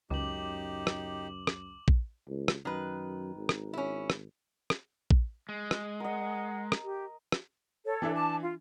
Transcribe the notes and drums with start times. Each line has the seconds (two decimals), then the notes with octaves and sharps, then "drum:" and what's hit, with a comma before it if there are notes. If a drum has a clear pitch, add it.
0.10 C#2 F#2 D#4 G4 D6 F#7
0.87 drum: rim click
1.47 drum: rim click
1.88 drum: kick
2.28 C#2
2.48 drum: rim click
2.65 F#2 D#3 B4
3.36 G#1
3.49 drum: rim click
3.73 C#4 E4
4.10 drum: rim click
4.70 drum: rim click
5.10 drum: kick
5.49 G#3
5.71 drum: rim click
6.00 A#4 D#5 F#5
6.72 drum: rim click
6.84 G4
7.32 drum: rim click
7.86 A4 C#5
8.02 E3 D4 E5
8.15 A5 D6
8.42 F4